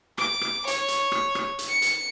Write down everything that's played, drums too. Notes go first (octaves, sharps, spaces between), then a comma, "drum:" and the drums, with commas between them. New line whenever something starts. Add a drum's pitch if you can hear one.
D6, drum: rim click
drum: rim click
C#5, drum: hi-hat
drum: hi-hat
drum: rim click
drum: rim click
drum: hi-hat
C#7
drum: hi-hat